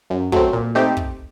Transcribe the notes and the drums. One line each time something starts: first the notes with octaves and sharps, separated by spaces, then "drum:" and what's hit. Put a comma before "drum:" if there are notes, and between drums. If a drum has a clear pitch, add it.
F#2
F#3 A3 C4, drum: kick
A#2
A3 C4 D#4 G4
drum: kick